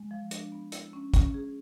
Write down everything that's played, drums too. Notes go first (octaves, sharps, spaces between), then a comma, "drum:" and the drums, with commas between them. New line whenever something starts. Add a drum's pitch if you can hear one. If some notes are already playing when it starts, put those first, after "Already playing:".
Already playing: G#3
F3
D4, drum: hi-hat
B3
E4, drum: hi-hat
C#4
C#4, drum: kick, hi-hat
G#4